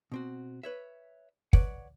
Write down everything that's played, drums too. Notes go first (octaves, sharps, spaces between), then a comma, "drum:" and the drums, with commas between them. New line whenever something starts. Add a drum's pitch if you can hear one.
B2 C4 F#4
B4 C#5 E5
B4 C#5 D5 F#5, drum: kick